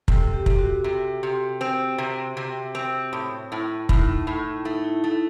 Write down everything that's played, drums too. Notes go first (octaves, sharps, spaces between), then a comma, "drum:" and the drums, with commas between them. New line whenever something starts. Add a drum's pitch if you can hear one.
C3 A4, drum: kick
G4
C3, drum: kick
F#4
C3
C3
C4
C3
C3
C4
A2
A2
A2 D#4, drum: kick
A2 E4
A3 D#4
E4
A3 E4